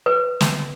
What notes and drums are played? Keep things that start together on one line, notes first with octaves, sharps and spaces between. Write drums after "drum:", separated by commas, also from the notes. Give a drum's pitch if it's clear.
B4
drum: snare